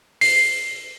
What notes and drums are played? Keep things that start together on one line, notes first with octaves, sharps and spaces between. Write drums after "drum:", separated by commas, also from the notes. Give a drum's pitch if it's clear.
C7, drum: open hi-hat